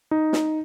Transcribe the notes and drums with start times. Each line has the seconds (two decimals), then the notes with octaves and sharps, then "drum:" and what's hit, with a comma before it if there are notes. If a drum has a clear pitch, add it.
0.11 D#4
0.33 drum: snare